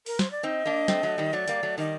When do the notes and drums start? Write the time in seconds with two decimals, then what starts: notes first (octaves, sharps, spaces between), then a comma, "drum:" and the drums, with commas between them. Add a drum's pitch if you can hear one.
0.06 A#4, drum: open hi-hat
0.19 C5, drum: snare
0.31 D5
0.43 C4 D#4 D#5
0.65 A#3 D4
0.88 A3 C4, drum: snare
1.03 F#3 A3
1.18 D#3 G3
1.33 F#3 A3 D5
1.48 G3 A#3, drum: hi-hat
1.63 F#3 A3
1.78 D#3 G3 D#5